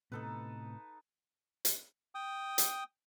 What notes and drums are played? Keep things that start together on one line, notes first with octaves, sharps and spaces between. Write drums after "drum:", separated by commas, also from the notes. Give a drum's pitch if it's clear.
A2 C3 B3 D#4 A4 B4
drum: hi-hat
G5 D#6
drum: hi-hat